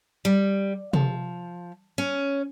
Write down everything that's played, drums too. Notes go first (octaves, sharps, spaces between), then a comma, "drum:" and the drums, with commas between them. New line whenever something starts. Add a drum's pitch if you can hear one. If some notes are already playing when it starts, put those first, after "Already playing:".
G3
F3, drum: tom C3
C#4